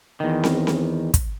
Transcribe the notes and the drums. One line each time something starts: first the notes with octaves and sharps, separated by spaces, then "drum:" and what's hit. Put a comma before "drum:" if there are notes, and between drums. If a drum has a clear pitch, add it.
E2 D#3
drum: snare C4
drum: snare C4
drum: kick, hi-hat